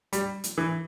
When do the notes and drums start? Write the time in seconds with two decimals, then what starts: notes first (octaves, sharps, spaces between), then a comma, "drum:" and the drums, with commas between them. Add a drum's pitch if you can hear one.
0.13 G3, drum: hi-hat
0.44 drum: hi-hat
0.58 E3